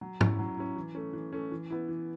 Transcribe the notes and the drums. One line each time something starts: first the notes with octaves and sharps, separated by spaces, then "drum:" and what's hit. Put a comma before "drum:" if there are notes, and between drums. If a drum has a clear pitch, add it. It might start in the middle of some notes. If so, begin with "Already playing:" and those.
F#3
C#4 E4, drum: tom
F#3
C#4 E4
E3
A3 C#4
E3
A3 C#4
E3
B3 E4
E3